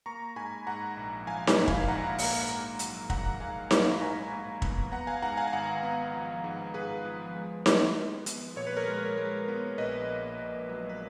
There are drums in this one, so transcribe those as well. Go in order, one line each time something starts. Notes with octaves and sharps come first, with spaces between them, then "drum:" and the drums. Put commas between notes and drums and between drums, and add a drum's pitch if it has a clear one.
A#3 A#5 C#6
G#2 G#5 B5
G#2 F#5 A#5
A#1
F3 F5 G#5
G#5 B5, drum: snare D#4
G#2
F5 G#5, drum: kick
A#1 F#5 A#5
A#3, drum: open hi-hat
G#2
F#3, drum: hi-hat
G#2 F#5 A#5, drum: kick
G#2 F5 G#5
F#3 C#6, drum: snare D#4
B5
A#5
G#2 G#5 B5
G#2
B3, drum: kick
B3 F#5 A#5
F5 G#5
G#2 F#5 A#5
F5 G#5
G#5
G#1 F#5 A#5
B3
F3
G#2
G#2 G#4 B4
F3
G#3
G#3, drum: snare D#4
B3
B3, drum: hi-hat
A#2 C#5
B4
A#4 C#5
G#3
G#3
B3
A#1 B4 D#5
A#3
A#1
F#3
B4